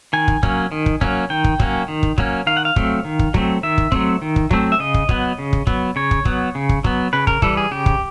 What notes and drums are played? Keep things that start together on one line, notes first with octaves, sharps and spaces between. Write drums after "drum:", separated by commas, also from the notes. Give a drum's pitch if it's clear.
D#3 G#5
drum: kick
F#3 A#3 C#4, drum: kick
D#3
drum: kick
F#3 A#3 C#4, drum: kick
D#3 G5
drum: kick
F#3 A#3 C#4, drum: kick
D#3
drum: kick
F#3 A#3 C#4, drum: kick
D#3 F5
F#5
F5
F#3 A3 C4, drum: kick
D#3
drum: kick
F#3 A3 C4, drum: kick
D#3 E5
drum: kick
F#3 A3 C4, drum: kick
D#3
drum: kick
F#3 A3 C4, drum: kick
E5
C#3 D#5
drum: kick
F#3 B3, drum: kick
C#3
drum: kick
F#3 B3, drum: kick
C#3 C#5
drum: kick
F#3 B3, drum: kick
C#3
drum: kick
F#3 B3, drum: kick
C#3 B4
A#4, drum: kick
E3 G3 A4, drum: kick
G#4
C#3 G4
drum: kick